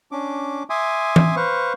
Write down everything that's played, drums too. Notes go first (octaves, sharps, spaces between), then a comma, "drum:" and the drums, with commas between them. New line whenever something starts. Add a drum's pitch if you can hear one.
C#4 D4 D6
E5 G#5 C6 D6 D#6
drum: tom E3
B4 C5 F5 C#6